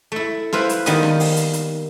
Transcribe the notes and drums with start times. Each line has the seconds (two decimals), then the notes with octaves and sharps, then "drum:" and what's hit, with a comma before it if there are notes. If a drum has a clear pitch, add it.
0.12 A3 E4
0.53 E4 B4 C5 F5, drum: rim click
0.69 drum: hi-hat
0.86 D#3 G3 A#3 B3 D#5, drum: hi-hat
1.03 drum: rim click
1.20 drum: open hi-hat
1.36 drum: hi-hat
1.53 drum: hi-hat